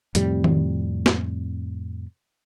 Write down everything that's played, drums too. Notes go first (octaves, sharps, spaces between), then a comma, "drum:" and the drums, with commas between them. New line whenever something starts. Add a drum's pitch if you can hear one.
F2 A2 C3 G3, drum: hi-hat
drum: tom D#3
drum: snare